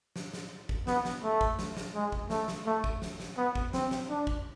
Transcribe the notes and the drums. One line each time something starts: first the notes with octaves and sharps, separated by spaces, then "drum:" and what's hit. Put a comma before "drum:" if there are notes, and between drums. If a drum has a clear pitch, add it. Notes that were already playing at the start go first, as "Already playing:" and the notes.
drum: snare
drum: snare
drum: kick
B3, drum: snare
drum: snare
A3
drum: kick
drum: snare
drum: snare
G#3
drum: kick
A3, drum: snare
drum: snare
A3
drum: kick
drum: snare
drum: snare
B3
drum: kick
C4, drum: snare
drum: snare
D4
drum: kick